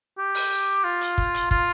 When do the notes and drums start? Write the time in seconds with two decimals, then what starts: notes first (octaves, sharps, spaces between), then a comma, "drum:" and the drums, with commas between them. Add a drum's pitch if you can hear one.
0.18 G4
0.35 drum: open hi-hat
0.84 F4
1.01 drum: hi-hat
1.18 drum: kick
1.34 drum: hi-hat
1.51 F4, drum: kick